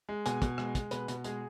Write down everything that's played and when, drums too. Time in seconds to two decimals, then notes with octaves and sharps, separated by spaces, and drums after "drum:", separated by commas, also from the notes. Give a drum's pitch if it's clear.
0.09 G#3
0.26 B2 G#5, drum: hi-hat
0.42 B2, drum: kick, hi-hat
0.58 G#3, drum: rim click
0.75 G#3, drum: kick, hi-hat
0.91 B2 B4, drum: hi-hat
1.08 B2, drum: hi-hat
1.24 G#3 G#4, drum: hi-hat